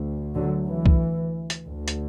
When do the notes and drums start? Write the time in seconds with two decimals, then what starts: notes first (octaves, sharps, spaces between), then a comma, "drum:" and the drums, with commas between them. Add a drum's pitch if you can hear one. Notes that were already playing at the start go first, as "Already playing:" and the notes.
Already playing: D2
0.35 D3 F#3
0.69 E3
0.86 drum: kick
1.50 drum: hi-hat
1.68 D2
1.88 drum: hi-hat